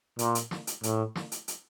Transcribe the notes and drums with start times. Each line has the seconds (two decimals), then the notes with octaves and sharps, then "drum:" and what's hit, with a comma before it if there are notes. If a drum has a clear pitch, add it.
0.19 A#2, drum: hi-hat
0.35 drum: hi-hat
0.51 drum: snare
0.67 drum: hi-hat
0.83 A2, drum: hi-hat
1.16 drum: snare
1.32 drum: hi-hat
1.48 drum: hi-hat